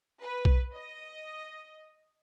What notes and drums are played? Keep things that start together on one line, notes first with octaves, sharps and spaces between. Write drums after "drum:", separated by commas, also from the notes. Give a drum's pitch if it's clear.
B4
drum: kick B1
D#5